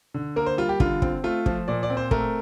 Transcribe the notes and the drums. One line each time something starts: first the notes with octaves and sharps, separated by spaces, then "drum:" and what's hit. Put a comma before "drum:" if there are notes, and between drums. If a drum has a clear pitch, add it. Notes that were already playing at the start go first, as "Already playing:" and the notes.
D3
A#3 A#4
C5
G3 F4
G4
D3 F4, drum: kick
C4, drum: kick
A3 F4
F3, drum: kick
A#2 D5
D5
C4
C5
A3 A#4, drum: kick